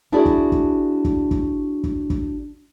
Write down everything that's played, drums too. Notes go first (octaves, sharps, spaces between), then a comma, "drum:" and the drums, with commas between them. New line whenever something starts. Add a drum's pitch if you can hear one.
D4 E4 F#4 G#4 D5
drum: kick
drum: kick
drum: kick
drum: kick
drum: kick
drum: kick